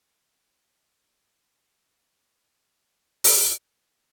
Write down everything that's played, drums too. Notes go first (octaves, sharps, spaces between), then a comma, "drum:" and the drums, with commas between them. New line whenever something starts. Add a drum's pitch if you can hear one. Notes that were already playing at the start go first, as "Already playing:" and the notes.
B2 C5 F5 D#6
G#2 D#3 E4 D#5 E5 F#5 B5
D#4 F#5
drum: open hi-hat